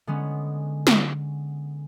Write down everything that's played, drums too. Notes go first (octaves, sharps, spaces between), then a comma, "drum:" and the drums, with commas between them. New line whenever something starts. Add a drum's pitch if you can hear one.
D3 G#3 B3 C#4
drum: snare